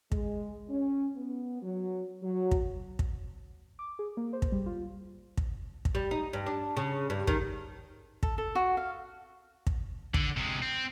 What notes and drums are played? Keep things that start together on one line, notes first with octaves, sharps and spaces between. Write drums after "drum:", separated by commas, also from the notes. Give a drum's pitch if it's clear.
G#3, drum: kick
C#4
B3
F#3
F#3
drum: kick
drum: kick
D6
G#4
A#3
C5
drum: kick
G3
F4
drum: kick
drum: kick
G3
D#4
G2
D4
C#3
G2
D#3, drum: kick
A4, drum: kick
A4
F#4
F5
drum: kick
D3, drum: kick
C3 G#3
C4